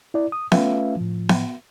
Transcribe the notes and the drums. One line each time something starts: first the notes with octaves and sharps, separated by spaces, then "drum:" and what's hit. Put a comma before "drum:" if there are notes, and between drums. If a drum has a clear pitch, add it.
E4 D5
D#6
A3 C#4 F4 B4 E5 F5, drum: snare B3
A2 F3
drum: snare B3